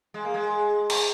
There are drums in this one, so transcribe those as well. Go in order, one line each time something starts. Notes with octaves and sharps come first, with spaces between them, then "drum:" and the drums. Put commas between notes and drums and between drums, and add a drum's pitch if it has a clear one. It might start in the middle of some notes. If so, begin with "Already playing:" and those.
G#3
A#3
G#3
drum: cymbal